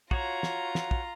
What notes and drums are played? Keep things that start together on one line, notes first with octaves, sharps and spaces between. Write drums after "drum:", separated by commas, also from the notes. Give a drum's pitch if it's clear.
F4 F#4 C#5 A#5, drum: kick
drum: snare
drum: snare
drum: kick